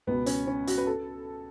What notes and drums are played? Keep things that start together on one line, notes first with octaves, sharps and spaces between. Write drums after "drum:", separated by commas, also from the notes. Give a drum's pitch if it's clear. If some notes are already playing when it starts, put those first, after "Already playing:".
C#2 B2 B3
C#4, drum: hi-hat
C#4
F#4, drum: hi-hat
B4
A4